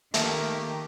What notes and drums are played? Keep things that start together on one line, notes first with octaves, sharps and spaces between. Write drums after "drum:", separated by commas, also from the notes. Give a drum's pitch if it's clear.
D#3 A3 A#3 G4, drum: hi-hat